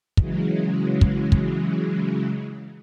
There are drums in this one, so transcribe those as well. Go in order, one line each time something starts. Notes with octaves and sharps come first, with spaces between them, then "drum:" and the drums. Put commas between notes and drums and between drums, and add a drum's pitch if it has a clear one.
C#3 E3 F#3 G#3, drum: kick
drum: kick
drum: kick